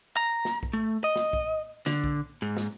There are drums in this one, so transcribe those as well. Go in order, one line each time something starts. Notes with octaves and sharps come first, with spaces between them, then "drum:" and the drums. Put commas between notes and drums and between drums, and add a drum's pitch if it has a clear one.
A#5
drum: snare
drum: kick
A3
D#5
drum: snare
drum: kick
D3, drum: snare
drum: kick
G#2
drum: snare